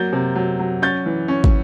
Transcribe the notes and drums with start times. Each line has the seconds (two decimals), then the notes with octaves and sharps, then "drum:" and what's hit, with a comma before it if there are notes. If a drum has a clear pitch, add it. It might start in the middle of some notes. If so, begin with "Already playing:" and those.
Already playing: F#3 A#3 G6 A6
0.13 C3
0.35 F#3
0.59 F#3
0.82 C#4 G6 A6
1.06 E3
1.28 C#4
1.44 drum: kick